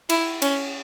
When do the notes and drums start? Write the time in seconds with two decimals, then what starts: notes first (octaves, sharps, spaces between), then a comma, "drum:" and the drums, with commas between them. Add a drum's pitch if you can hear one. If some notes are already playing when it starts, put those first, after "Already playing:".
0.09 E4, drum: cymbal
0.42 C#4, drum: cymbal